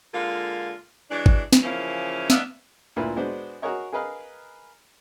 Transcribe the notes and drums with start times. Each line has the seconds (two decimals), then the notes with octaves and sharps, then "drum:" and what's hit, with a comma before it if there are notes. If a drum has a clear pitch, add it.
0.13 D3 G#3 A#3 F4
1.11 E3 F#3 G#3 D4
1.26 drum: kick G#1
1.53 drum: snare
1.63 C#3 E3 F3 A#3 C#4 E4
2.30 B3 D4 D#4 D5 E5 F5, drum: snare
2.96 D2 A#2 A#3 E4 B4
3.17 G#3 B3 D4 F#4 C5
3.62 F#4 G#4 A#4 C#5 D#5
3.92 G#4 A#4 B4 D#5 F5